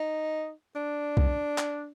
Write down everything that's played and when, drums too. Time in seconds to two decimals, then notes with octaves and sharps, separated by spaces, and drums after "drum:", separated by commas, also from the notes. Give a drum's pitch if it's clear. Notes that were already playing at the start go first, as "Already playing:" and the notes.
Already playing: D#4
0.76 D4
1.17 drum: kick B1
1.58 drum: clap